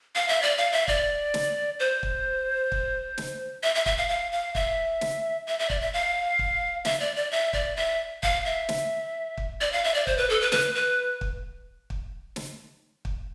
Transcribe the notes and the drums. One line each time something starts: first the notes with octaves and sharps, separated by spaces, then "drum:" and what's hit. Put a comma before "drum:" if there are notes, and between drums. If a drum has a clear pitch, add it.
F5
E5
D5
F5
E5
D5, drum: kick
drum: snare
C5
drum: kick
drum: kick
drum: snare
E5
E5
E5, drum: kick
F5
F5
F5
E5, drum: kick
drum: snare
E5
E5
D5, drum: kick
E5
F5
drum: kick
E5, drum: snare
D5
D5
E5
D5, drum: kick
E5
F5, drum: kick
E5
drum: snare
drum: kick
D5
F5
E5
D5
C5, drum: kick
B4
A4
B4
B4, drum: snare
B4
drum: kick
drum: kick
drum: snare
drum: kick